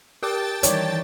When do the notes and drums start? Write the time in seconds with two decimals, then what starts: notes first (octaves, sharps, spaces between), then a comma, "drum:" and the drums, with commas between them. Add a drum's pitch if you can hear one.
0.23 G4 A#4 G5 A5 D6 A6
0.63 D#3 E3 G3 C#5 D5, drum: hi-hat